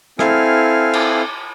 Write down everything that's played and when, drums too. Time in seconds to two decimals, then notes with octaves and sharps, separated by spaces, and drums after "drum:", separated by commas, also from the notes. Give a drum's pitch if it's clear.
0.19 C4 E4 A4 F5 G#5 F6, drum: rim click
0.93 drum: cymbal